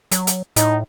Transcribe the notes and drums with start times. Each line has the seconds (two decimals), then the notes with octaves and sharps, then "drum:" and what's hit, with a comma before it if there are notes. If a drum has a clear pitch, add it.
0.11 F#3, drum: hi-hat
0.27 drum: hi-hat
0.56 A2 D#4, drum: hi-hat